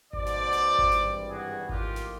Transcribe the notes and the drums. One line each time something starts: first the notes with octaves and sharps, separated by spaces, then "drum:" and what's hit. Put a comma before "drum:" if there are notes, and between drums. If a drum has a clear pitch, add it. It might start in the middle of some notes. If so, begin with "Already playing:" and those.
B1 B2 F#3 A3 C5 D5, drum: kick G#1
drum: snare
drum: snare
drum: kick G#1
G#1 G2 E3 G3, drum: snare
F#4 G#4
A2 F3 A#3 D#4 F4 G4, drum: kick G#1
drum: snare